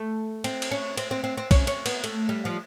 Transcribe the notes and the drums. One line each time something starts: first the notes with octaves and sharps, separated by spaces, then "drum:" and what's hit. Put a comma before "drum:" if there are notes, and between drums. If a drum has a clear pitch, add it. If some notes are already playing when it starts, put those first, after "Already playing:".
Already playing: A3
C4, drum: cymbal
drum: cymbal
C#4
C4, drum: cymbal
C4
C4
C4
C#4, drum: kick, cymbal
C#4, drum: cymbal
B3, drum: cymbal
A3, drum: cymbal
G3
F3